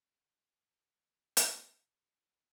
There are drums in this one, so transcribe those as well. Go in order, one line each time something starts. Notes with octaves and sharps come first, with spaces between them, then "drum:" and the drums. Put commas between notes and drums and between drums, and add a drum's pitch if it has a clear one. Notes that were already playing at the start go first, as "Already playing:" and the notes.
Already playing: B3
C#3
D3 B3
D3
C#3
drum: hi-hat
C3
E4